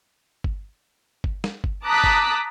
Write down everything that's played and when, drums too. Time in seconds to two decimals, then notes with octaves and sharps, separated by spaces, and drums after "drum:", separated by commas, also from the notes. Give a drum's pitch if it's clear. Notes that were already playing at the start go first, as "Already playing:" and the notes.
0.44 drum: kick G1
1.24 drum: kick G1
1.44 drum: snare
1.64 drum: kick G1
1.84 A5 A#5 D6 D#6 F#6 B6
2.04 drum: kick G1